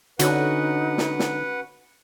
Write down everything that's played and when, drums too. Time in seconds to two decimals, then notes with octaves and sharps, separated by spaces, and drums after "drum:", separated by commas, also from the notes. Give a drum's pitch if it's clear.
0.19 D3 C#4 D#4 F#4 B4 F#5, drum: hi-hat
0.98 drum: snare
1.19 drum: snare